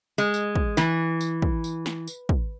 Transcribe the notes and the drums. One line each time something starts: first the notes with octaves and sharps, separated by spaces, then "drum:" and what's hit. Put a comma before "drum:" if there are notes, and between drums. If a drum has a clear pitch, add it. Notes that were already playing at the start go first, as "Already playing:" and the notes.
G#3
drum: tambourine
drum: kick
E3, drum: snare
drum: tambourine
drum: kick
drum: tambourine
drum: snare
drum: tambourine
drum: kick